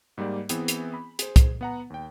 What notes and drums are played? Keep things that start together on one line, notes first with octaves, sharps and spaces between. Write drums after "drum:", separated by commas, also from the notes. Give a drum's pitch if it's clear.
G#2 G3 A#3 G4 D5
E3 B3 C4 G#4, drum: hi-hat
drum: hi-hat
B5
G#4 C5, drum: hi-hat
drum: kick, hi-hat
B3 F#5 A#5
D#2 G5